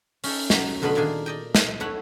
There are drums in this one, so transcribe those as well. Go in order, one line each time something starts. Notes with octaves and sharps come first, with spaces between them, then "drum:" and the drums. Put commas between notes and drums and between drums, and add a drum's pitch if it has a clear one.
C#4 D#4 A4, drum: open hi-hat
F#3, drum: snare
F2 B2 D3 A3 B3 B5
A#2 D#3 A#3 D4 G#4
D5 D#5 G5
drum: snare
A3 E4 C#5 F#5